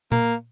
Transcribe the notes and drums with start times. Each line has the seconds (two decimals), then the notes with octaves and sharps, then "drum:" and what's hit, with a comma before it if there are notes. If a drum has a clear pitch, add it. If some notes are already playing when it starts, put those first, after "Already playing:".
0.12 A#3, drum: tom A#2